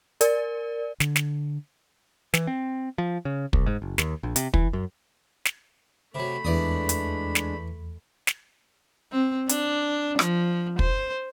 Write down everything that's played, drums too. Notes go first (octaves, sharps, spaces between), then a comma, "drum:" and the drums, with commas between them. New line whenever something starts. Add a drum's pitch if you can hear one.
A#4 D5, drum: hi-hat
D3, drum: snare
drum: snare
E3, drum: snare
C4
F3
C#3
C2, drum: kick
G#2
F#1
D#2, drum: snare
A#1
C3, drum: hi-hat
E3, drum: kick
F#2
drum: snare
C3 F#3 A3 B5
E2 E3 G#3 D4 D5 D#6
drum: hi-hat
drum: snare
drum: snare
C4
D4, drum: hi-hat
F3, drum: rim click
C5, drum: kick